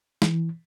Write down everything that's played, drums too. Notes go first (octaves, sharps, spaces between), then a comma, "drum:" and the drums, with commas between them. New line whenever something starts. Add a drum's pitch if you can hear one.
E3, drum: snare